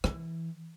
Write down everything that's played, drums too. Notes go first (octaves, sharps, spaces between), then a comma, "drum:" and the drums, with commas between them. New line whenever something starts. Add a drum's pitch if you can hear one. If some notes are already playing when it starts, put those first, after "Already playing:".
E3, drum: rim click